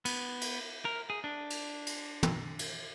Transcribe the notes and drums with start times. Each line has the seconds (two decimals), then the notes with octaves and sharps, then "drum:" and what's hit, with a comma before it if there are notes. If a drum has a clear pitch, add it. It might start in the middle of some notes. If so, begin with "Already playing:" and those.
0.05 B3, drum: cymbal
0.41 drum: cymbal
0.85 A#4
1.10 G#4
1.24 D4
1.50 drum: cymbal
1.87 drum: cymbal
2.23 drum: tom
2.59 drum: cymbal